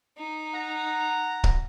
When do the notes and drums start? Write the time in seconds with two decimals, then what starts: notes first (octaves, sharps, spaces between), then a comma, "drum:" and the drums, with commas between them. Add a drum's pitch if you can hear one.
0.17 D#4
0.55 F#5 A#5
1.44 drum: kick C#1